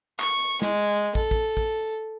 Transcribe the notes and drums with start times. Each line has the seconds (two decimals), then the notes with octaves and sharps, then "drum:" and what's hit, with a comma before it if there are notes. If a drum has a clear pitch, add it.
0.20 C#6, drum: clap
0.62 G#3, drum: snare
1.15 A4, drum: kick
1.31 drum: kick
1.57 drum: kick